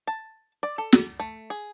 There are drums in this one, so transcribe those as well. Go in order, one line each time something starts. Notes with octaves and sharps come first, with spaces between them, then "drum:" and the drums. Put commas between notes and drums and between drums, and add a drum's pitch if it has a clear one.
A5
D5
A4
drum: snare
A3
G#4